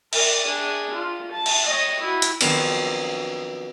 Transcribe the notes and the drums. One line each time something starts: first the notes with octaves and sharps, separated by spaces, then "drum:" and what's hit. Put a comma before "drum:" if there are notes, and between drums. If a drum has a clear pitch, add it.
A#4 D5, drum: cymbal
D4 G#4
F4
A5
drum: cymbal
C#5 D#5
E4 F#4
drum: hi-hat
D#3 F3 F#3 B3 C4 D4, drum: cymbal